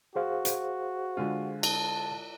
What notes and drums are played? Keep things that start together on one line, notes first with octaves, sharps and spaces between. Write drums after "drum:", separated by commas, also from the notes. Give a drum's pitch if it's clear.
F#4 G#4 C5 F5
drum: hi-hat
D3 G#3 F4
A5, drum: cymbal